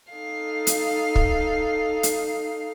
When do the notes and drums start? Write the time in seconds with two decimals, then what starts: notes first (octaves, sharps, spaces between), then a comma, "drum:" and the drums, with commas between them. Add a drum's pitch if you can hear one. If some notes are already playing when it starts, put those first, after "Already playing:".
0.12 D#4 A4 F5
0.67 drum: hi-hat
1.15 drum: kick
2.03 drum: hi-hat